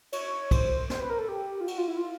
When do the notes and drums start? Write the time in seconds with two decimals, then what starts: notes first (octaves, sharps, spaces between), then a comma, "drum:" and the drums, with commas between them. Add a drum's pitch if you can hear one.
0.12 C#5, drum: cymbal
0.51 C5, drum: kick, cymbal
0.90 C5, drum: snare
1.00 B4
1.10 A#4
1.19 A4
1.29 G4
1.61 F4
1.68 F#4, drum: cymbal
1.78 F4
1.88 E4
1.97 F4